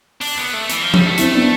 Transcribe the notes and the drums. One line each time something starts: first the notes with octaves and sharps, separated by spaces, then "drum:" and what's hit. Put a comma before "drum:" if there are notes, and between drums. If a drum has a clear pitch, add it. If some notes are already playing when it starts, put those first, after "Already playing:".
D4, drum: open hi-hat
B3
A3
E3, drum: hi-hat
F3
G3, drum: tom F3
A3
C4 E4, drum: hi-hat
B3 D4